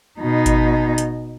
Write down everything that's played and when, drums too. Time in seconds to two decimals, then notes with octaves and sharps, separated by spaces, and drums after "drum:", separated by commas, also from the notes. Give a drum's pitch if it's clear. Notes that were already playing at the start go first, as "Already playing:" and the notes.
0.20 B2 D#4
0.46 drum: kick G#1, hi-hat
0.98 drum: hi-hat